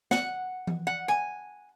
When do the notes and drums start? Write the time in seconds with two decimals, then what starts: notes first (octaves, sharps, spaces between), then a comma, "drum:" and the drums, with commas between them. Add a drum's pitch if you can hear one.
0.11 F#5, drum: snare
0.67 drum: tom E3
0.87 F#5
1.08 G#5, drum: rim click